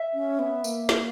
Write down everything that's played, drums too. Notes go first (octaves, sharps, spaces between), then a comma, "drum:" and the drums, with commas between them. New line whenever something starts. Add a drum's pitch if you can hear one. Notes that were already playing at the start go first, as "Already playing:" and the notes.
Already playing: E5
C#4
B3
A#3, drum: tambourine
drum: snare